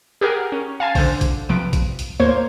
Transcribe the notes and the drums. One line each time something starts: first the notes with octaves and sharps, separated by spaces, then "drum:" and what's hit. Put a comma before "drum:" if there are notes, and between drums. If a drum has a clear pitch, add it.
G4 G#4 A#4 F#5 G#5
C#4
F5 G#5 A5
D3 C5, drum: kick, open hi-hat
drum: kick, hi-hat
C3 F3 B4 D7
drum: kick, hi-hat
drum: hi-hat
D#2 A2 A#3 C5 C#5 G#6